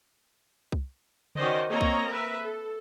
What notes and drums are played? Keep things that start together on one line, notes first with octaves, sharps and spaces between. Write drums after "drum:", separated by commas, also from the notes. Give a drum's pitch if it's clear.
drum: kick C2
D#3 C#4 F#4 C5 D5 D#5, drum: tom C#3
A#3 C4 C#5 D#5 A#5
drum: kick C2
A#4 B4 E5
A4